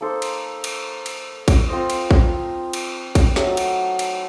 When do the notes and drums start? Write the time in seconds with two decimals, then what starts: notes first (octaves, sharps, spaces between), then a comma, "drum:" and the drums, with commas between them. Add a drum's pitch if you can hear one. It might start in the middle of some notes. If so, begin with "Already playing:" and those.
0.01 A#3 D#4 A4 C5
0.22 drum: cymbal
0.64 drum: cymbal
1.06 drum: cymbal
1.48 drum: kick, cymbal
1.68 C4 F4 C5 D#5
1.90 drum: cymbal
2.11 drum: kick
2.73 drum: cymbal
3.15 drum: kick, cymbal
3.36 F#3 A3 D#4 F#4, drum: snare
3.57 drum: cymbal
3.99 drum: cymbal